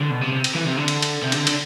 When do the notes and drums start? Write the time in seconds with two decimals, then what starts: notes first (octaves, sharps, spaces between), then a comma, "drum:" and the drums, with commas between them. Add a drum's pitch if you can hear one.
0.01 D3
0.11 B2
0.22 C3
0.33 C3
0.44 drum: cymbal
0.55 E3
0.66 C3
0.77 D3
0.88 drum: cymbal
1.02 drum: cymbal
1.22 C3
1.32 D3, drum: cymbal
1.47 D3, drum: cymbal